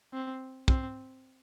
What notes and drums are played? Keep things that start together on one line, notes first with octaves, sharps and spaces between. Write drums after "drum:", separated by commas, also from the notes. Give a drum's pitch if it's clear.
C4
C4, drum: kick